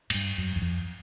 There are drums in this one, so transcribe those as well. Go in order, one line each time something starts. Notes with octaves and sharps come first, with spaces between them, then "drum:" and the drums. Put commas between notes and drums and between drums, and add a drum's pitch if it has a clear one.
G#2, drum: cymbal
G2
F#2
E2
F2